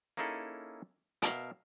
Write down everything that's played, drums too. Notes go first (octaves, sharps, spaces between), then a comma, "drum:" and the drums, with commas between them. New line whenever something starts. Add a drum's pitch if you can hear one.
A#3 C#4 D#4 E4 G#4 A4
B2 A#4 E5 F5, drum: hi-hat